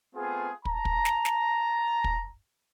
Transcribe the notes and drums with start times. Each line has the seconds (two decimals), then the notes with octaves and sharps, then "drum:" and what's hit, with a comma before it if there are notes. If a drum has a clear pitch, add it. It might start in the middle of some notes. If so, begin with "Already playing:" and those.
0.15 A3 B3 C4 F4 G#4
0.65 A5 A#5, drum: kick
0.85 drum: kick
1.05 drum: snare
1.25 drum: snare
2.04 drum: kick